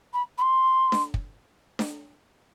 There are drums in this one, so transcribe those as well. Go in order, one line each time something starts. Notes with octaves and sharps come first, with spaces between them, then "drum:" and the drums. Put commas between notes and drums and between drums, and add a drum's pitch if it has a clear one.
B5
B5
C6
drum: snare D4
drum: kick
drum: snare D4